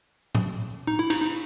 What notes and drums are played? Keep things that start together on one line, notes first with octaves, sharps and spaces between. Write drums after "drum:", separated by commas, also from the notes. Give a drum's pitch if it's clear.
drum: tom A2
D#4
E4
D#4, drum: cymbal
D#4